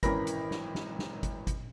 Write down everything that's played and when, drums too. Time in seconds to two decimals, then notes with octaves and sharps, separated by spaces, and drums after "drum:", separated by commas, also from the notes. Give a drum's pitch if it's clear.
0.03 G#1 E3 C#4 A#4 B5 A#6, drum: kick G1, hi-hat
0.27 drum: hi-hat
0.51 drum: snare
0.75 drum: snare
0.99 drum: snare
1.23 drum: kick G1, hi-hat
1.47 drum: kick G1, hi-hat